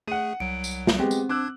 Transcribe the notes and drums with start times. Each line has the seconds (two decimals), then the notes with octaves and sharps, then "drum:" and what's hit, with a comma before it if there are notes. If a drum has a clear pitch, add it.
0.08 A3 G#4 F#5 D#7
0.40 C2 F#3 D7
0.64 drum: tambourine
0.87 drum: snare
0.99 G#3 B3 C4 G4
1.11 drum: tambourine
1.29 D4 D6 E6 F#6 G#6